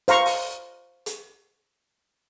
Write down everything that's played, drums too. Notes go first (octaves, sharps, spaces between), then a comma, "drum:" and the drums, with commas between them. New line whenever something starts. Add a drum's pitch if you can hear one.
C5 F5 A#5 C#6, drum: hi-hat
drum: open hi-hat
drum: hi-hat